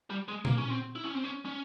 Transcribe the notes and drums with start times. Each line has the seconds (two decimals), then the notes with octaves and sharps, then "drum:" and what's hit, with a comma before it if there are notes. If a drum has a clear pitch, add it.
0.10 G3
0.28 G#3
0.45 A#3, drum: tom
0.58 C#4
0.70 C4
0.96 E4
1.04 C#4
1.15 C4
1.24 C#4
1.46 C#4